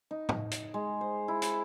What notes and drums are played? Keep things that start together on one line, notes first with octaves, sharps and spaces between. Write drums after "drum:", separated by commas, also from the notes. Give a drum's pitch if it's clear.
D#4
drum: tom
drum: hi-hat
G#3
C5
E4
drum: hi-hat